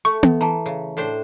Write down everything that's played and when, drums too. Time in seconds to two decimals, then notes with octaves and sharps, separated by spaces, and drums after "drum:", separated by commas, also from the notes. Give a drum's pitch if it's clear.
0.05 A3 C#6
0.23 drum: tom B3
0.41 E3 A5 A#5
0.66 C#3
0.97 A2 D4 C5